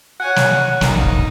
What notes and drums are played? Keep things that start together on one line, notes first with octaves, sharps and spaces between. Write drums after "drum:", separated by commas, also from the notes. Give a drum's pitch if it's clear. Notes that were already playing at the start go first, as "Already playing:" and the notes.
C#5 F#5 G#5
drum: snare
A#1 A#3 D#4, drum: snare
drum: kick